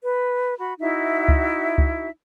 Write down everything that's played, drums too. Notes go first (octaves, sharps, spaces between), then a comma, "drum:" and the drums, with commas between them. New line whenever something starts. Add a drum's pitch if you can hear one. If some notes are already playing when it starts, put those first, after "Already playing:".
B4
F#4 B5
D#4 E4 F#4 E5
drum: kick C#2
drum: kick C#2